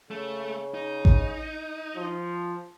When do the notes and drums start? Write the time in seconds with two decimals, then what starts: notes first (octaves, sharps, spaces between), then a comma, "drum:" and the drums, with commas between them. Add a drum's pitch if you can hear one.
0.11 C#3 A3
0.74 D#4
1.05 drum: kick A1
1.96 F3